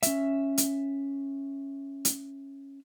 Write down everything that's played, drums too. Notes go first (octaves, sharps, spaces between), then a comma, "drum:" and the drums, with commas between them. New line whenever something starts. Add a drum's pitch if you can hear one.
C#4 E5, drum: hi-hat
drum: hi-hat
drum: hi-hat